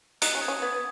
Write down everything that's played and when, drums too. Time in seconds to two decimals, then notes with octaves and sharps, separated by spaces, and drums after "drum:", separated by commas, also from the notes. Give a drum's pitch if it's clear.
0.22 D#4 F#6, drum: hi-hat
0.35 C#4 F#6
0.41 D#6 G#6
0.48 C#4
0.62 B3 D#6 G#6